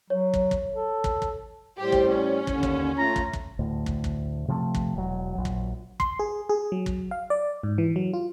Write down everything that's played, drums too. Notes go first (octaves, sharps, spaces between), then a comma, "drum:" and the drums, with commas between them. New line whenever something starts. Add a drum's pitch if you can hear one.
F#3 C#5
drum: kick
drum: kick
A4
drum: kick
drum: kick
A2 G3 G4 C5
drum: kick
C#4
D#2 D3, drum: kick
drum: kick
A3 F4 A#5
drum: kick
drum: kick
D2 A2
drum: kick
drum: kick
C3 F3 G3 A3
drum: kick
E1 F#3
A#1 F#3
drum: kick
C6, drum: kick
G#4
G#4
F#3
drum: kick
F5
D5
G#2
E3
F#3
F4